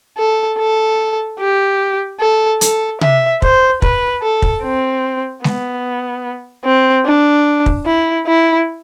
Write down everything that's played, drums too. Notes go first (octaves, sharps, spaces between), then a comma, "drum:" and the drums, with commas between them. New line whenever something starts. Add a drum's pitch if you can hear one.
A4
A4
G4
A4
A4, drum: hi-hat
E5, drum: tom C3
C5, drum: kick
B4, drum: kick
A4
drum: kick
C4
B3, drum: snare G#3
C4
D4
drum: kick
E4
E4